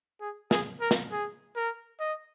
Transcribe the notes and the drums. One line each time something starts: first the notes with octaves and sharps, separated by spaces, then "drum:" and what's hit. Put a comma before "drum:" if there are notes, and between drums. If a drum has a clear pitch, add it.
G#4
G#4, drum: snare
A#4
drum: snare
G#4
A#4
D#5